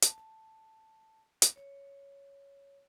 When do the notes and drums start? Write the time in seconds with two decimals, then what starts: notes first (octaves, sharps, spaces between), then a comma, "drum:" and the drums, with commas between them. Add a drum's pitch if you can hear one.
0.02 A5, drum: hi-hat
1.42 drum: hi-hat
1.56 C#5